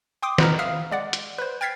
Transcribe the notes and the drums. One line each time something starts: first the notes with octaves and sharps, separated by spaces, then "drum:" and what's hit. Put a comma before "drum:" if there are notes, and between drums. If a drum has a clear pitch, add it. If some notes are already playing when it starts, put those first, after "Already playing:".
G5 C6 D6 D#6
B4 C5 D#5 A#5 F6, drum: snare
E5 F5 D#6 F6
G#3 D5 F#5
drum: hi-hat
B4 C5
G5 F6 G#6 A6 B6 C7